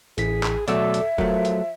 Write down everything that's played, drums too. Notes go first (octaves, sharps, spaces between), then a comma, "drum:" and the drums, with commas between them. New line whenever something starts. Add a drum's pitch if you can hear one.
A1 E4 G#4 B6, drum: hi-hat
drum: clap
B2 F#3 A3 A4 D5 E5 D6 E6, drum: hi-hat
drum: hi-hat
F3 F#3 A3 A#4, drum: kick F1
drum: hi-hat